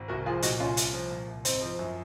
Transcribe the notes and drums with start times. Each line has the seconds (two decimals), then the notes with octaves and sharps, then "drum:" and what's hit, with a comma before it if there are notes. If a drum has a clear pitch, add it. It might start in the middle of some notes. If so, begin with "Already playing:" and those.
Already playing: G#1
0.08 C2 F#4 A#4
0.26 F3 F4 G#4
0.42 A#2 D#4 F#4, drum: hi-hat
0.60 C2 C#4 F4
0.77 C2, drum: hi-hat
0.94 F3
1.11 A#2
1.28 C2
1.45 G#1 C4 D#4, drum: hi-hat
1.62 F3
1.79 F#2